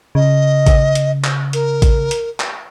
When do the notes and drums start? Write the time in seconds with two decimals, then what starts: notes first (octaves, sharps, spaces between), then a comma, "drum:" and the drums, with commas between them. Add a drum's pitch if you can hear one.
0.15 C#3 D#5
0.67 drum: kick A1, hi-hat
0.95 drum: hi-hat
1.24 drum: clap
1.53 A#4, drum: hi-hat
1.82 drum: kick A1, hi-hat
2.11 drum: hi-hat
2.40 drum: clap